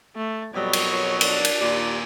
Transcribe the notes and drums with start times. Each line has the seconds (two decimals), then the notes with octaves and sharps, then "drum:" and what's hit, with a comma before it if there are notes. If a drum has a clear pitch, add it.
0.16 A3
0.54 F2 B2 F#3 G3
0.73 drum: cymbal
0.88 C#5
1.21 D4, drum: cymbal
1.45 drum: cymbal
1.61 D#2 A#2 D5